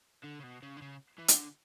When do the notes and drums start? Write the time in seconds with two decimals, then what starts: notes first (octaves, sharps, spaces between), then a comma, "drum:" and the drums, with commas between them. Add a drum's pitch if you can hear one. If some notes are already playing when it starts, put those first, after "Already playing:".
0.23 D3
0.39 C#3
0.43 B2
0.62 C#3
0.77 D3
0.82 C#3
1.18 E3
1.28 D3, drum: hi-hat